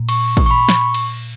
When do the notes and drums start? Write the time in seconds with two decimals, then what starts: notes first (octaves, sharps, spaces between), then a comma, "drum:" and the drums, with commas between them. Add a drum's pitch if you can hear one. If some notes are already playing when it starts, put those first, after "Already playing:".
Already playing: A#2
0.09 C#6, drum: cymbal
0.37 drum: kick, cymbal
0.46 C#6
0.51 B5
0.69 C#6, drum: snare
0.94 drum: cymbal